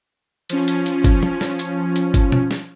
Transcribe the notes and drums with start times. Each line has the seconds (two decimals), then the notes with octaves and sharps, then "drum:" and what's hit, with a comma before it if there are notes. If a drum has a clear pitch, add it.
0.50 F3 C#4, drum: hi-hat
0.68 drum: hi-hat
0.86 drum: hi-hat
1.04 drum: kick G1, hi-hat
1.23 drum: tom
1.41 drum: snare
1.59 drum: hi-hat
1.96 drum: hi-hat
2.14 drum: kick G1, hi-hat
2.32 drum: tom
2.51 drum: snare